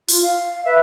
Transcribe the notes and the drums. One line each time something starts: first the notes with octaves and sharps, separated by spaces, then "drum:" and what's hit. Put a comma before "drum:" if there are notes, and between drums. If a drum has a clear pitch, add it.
F4, drum: open hi-hat
F5
B4 E5